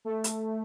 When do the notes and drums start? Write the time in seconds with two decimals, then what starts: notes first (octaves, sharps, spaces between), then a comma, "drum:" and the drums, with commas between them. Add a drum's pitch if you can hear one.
0.05 A3
0.24 drum: hi-hat